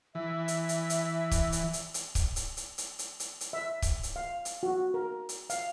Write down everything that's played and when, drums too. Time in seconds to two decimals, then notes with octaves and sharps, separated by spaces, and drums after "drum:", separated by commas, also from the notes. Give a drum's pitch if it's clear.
0.15 E3 E5
0.48 drum: hi-hat
0.69 drum: hi-hat
0.90 drum: hi-hat
1.31 drum: kick C#1, hi-hat
1.52 drum: hi-hat
1.73 drum: hi-hat
1.94 drum: hi-hat
2.15 drum: kick C#1, hi-hat
2.36 drum: hi-hat
2.57 drum: hi-hat
2.78 drum: hi-hat
2.99 drum: hi-hat
3.20 drum: hi-hat
3.41 drum: hi-hat
3.53 E5
3.82 drum: kick C#1, hi-hat
4.03 drum: hi-hat
4.16 F5
4.45 drum: hi-hat
4.63 F#4
4.94 A#4
5.29 drum: hi-hat
5.50 F5, drum: hi-hat